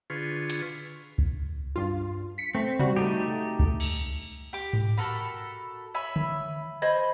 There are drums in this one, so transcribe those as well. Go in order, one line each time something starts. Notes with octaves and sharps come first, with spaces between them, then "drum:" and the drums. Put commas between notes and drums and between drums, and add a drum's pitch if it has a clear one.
D3 F4 G#4 B4 C6 C#6
drum: hi-hat
drum: kick C#2
G2 F4
B6 C#7
A3 C4
G3 F#4, drum: tom C3
A3 D#4 G4
drum: kick C#2
drum: cymbal
G4 D6
drum: tom G#2
F#4 A4 A#4 B5
C#5 E5 G#5 B5
drum: tom D3
C5 D#5 G#5 B5